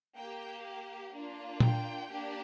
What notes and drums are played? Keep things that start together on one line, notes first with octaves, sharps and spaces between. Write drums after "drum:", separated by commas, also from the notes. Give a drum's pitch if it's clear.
A#3 G4 G5
A#3 D4 F4
G5, drum: tom A#2
A#3 D4 G4